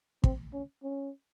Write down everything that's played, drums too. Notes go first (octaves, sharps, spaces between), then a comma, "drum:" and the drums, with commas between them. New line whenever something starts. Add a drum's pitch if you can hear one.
C4, drum: kick
C#4
C#4